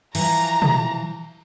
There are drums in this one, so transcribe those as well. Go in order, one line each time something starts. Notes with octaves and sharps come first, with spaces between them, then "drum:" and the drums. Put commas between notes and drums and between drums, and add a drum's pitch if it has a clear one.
E3 F3 A#5, drum: cymbal
drum: tom